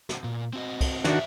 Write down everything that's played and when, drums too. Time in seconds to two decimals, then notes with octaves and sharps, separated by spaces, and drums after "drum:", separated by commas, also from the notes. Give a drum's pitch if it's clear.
0.09 drum: snare
0.24 A#2
0.53 C4 F#4 D#5
0.81 drum: kick, cymbal
1.04 F2 D#3 D4 F#4 E5, drum: snare